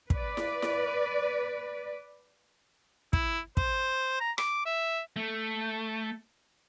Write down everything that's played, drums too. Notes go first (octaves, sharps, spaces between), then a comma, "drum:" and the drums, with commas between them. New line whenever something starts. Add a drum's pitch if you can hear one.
B4 D5, drum: kick
drum: snare E4
drum: snare E4
E4, drum: kick
C5, drum: kick
A#5
D6, drum: rim click
E5
A3